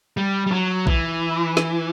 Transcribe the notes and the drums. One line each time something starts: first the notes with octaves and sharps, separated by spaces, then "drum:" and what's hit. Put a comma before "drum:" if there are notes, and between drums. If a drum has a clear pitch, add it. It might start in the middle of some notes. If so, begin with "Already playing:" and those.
G3
G3
F#3
E3, drum: kick A#1
drum: snare